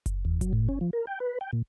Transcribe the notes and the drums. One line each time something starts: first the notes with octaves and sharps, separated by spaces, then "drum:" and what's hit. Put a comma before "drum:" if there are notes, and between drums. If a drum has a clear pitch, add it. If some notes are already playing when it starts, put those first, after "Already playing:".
drum: kick F#1, hi-hat
E2
F#3, drum: kick F#1, hi-hat
A2
C#4
F3
A#4
G5
B4
G5
A#2